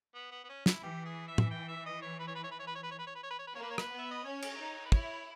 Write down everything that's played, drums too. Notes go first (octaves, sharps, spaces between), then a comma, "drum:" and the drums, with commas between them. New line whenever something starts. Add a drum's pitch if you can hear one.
B3
B3
B3
C#4
E4, drum: snare
E3 G4
G#4
E5
drum: tom
G5
E5
D#5
C#5
B4
C#5
B4
C#5
B4
C#5
B4
C#5
B4
C#5
B4
C#5
B4
C#5
B4
C#5
B4
A#3 C#5
B4
C#5
B4, drum: rim click
B3
E5
D#5
C#4 C#5
drum: cymbal
D#4
B4
E4 C#5, drum: kick